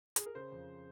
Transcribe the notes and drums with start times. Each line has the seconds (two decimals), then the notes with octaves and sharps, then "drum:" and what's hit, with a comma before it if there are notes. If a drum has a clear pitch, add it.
0.16 G#4, drum: hi-hat
0.26 A#4
0.35 C#3 C5
0.52 F2